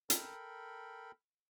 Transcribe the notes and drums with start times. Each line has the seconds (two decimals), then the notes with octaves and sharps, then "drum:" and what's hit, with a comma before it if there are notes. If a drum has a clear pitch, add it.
0.10 A4 A#4 G5 B5, drum: hi-hat